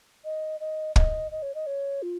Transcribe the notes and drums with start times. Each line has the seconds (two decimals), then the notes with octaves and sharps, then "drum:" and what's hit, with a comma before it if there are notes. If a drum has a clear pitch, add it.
0.25 D#5
0.60 D#5
0.96 D#5, drum: kick
1.31 D#5
1.42 C#5
1.55 D#5
1.67 C#5
2.02 F4